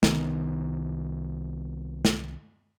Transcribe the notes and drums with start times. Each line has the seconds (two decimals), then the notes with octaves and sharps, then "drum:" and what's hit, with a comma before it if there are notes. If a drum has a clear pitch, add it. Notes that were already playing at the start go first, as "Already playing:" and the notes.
0.03 C2 D#3 B3, drum: snare
2.05 drum: snare